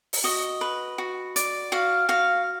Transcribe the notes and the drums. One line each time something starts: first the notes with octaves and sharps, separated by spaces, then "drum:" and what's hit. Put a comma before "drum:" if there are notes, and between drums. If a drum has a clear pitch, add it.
drum: open hi-hat
F#4 D#5
B4
F#4
D5, drum: hi-hat
F#4 F5
F#4 F5